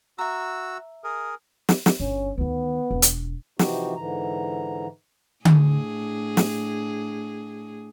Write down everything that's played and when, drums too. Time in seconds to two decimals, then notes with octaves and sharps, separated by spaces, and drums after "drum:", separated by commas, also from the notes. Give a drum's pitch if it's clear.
0.18 F#4 E5 A#5 E6
1.04 G#4 A#4
1.69 drum: snare
1.86 drum: snare
2.00 G1 C#4
2.38 D2 D#3 B3
2.91 E1
3.02 drum: hi-hat
3.59 C3 E3 F3 D#4 F#4 G4, drum: snare
3.96 G#2 D3 E3 A#5
5.45 A2 D4 G#4, drum: tom D3
6.37 drum: snare